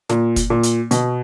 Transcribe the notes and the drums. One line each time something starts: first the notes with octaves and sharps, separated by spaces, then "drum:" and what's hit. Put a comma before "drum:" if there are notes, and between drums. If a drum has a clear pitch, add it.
A#2, drum: snare
drum: kick, hi-hat
A#2
drum: hi-hat
B2, drum: hi-hat